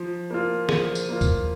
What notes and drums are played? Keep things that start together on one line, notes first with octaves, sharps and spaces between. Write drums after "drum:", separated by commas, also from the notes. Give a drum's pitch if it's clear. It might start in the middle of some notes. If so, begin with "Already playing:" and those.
Already playing: F3
A#3 F4
F3 G#4, drum: snare
drum: tambourine
A#3 F4
drum: kick, tambourine